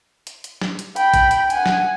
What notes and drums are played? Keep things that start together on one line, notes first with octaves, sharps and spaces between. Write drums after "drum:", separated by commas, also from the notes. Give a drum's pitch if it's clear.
drum: hi-hat
drum: hi-hat
drum: snare
drum: hi-hat
G5 B5, drum: hi-hat
drum: kick A1, hi-hat
drum: hi-hat
F#5 G#5, drum: hi-hat
drum: snare